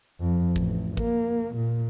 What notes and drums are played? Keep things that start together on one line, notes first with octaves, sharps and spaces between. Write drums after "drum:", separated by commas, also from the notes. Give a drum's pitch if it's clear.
F2
A1, drum: kick
A#3, drum: kick
A#2